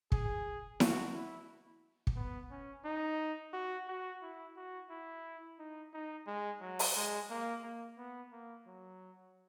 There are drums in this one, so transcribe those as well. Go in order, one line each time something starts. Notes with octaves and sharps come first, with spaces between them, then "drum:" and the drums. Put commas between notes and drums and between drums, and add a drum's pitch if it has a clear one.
G#4, drum: kick
F#4, drum: snare E4
E4
drum: kick
B3
C#4
D#4
F#4
F#4
E4
F#4
E4
D#4
D#4
G#3
F#3
drum: open hi-hat
G#3
A#3
A#3
B3
A#3
F#3